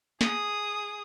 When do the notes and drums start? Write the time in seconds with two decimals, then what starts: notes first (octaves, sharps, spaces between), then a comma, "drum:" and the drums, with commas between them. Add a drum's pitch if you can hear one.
0.21 G#4 D#6, drum: snare